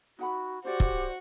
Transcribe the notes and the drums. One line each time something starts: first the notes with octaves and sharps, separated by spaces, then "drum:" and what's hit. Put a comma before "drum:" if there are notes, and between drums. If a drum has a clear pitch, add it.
D#4 F#4 F#5 B5
D4 F#4 G4 C5 D5
drum: kick